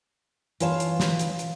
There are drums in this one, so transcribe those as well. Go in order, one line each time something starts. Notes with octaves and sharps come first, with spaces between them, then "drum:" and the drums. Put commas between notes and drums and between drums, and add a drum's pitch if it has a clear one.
E3 F4 C#5 F5 A5, drum: hi-hat
drum: hi-hat
drum: snare
drum: hi-hat
drum: hi-hat